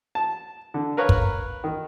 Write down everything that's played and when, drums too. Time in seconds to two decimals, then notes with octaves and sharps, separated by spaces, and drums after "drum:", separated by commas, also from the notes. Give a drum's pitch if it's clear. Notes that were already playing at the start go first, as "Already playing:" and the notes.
0.15 A5
0.74 D3
0.97 A#4 B4 C#5 F5 A#5
1.09 drum: kick
1.64 D#3